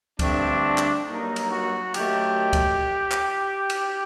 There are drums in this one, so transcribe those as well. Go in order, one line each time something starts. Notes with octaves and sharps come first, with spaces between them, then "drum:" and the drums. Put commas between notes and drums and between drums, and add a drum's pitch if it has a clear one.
G2 D3 A3 C4 D4, drum: kick C#2, cymbal
drum: clap
G2 F#3 A#3 D#4
drum: cymbal
F#4
F#2 D#3 A3 G4, drum: cymbal
drum: kick C#2, cymbal
drum: clap
drum: cymbal